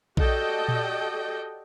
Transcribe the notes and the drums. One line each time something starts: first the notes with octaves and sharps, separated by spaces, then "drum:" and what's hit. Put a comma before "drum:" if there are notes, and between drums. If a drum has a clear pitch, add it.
F#4 G4 A4 D5 D#5 G5, drum: kick A#1
drum: tom A#2